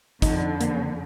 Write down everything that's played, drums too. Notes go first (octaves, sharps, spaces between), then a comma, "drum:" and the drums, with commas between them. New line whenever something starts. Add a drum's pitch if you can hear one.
F2 D3 D#4, drum: kick, hi-hat
A#3, drum: hi-hat